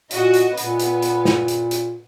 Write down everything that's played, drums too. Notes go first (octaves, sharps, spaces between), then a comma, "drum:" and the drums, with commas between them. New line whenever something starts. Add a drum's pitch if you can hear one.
A#2 F#4 D#5, drum: hi-hat
drum: hi-hat
A#2 B3, drum: hi-hat
drum: hi-hat
drum: hi-hat
drum: snare
drum: hi-hat
drum: hi-hat